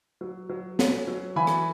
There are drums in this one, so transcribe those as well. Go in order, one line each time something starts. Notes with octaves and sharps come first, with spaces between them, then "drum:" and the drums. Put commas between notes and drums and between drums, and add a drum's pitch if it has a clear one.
F#3
F#3
C#4, drum: snare
F#3
E3 G#5 B5
drum: rim click